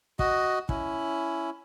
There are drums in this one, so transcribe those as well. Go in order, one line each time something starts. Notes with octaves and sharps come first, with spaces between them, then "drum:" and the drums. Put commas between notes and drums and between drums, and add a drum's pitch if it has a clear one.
F#4 D#5, drum: kick
C#4 E4, drum: kick